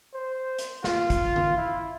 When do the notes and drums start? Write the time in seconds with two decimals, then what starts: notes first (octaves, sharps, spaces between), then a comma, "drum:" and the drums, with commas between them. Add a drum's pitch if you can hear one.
0.14 C5
0.58 drum: hi-hat
0.84 F4, drum: snare
1.10 drum: kick, hi-hat
1.36 drum: tom D3
1.57 E4